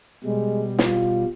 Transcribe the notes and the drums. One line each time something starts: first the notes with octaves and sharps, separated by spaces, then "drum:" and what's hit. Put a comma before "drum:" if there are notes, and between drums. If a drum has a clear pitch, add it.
B2 G3 G#3
F4, drum: snare